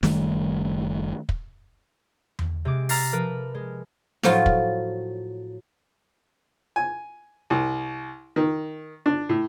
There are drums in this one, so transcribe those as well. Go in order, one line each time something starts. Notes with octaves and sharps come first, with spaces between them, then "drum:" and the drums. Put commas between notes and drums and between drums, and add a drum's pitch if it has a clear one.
F#1 D#3 G3 A3, drum: snare
drum: kick
drum: tom E2
C3 G#3 D6
A#5 E6 F6 A6 A#6 C7, drum: open hi-hat
F3 A#4 B4
G#3
A2 F3 F#3 F4, drum: snare
drum: kick
G#5
C2
D#3
D4
A2